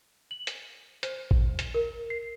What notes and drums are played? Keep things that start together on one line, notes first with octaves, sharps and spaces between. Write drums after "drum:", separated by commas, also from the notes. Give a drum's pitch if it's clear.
F#7
drum: hi-hat
C5, drum: hi-hat
drum: kick A1
drum: hi-hat
A#4
C7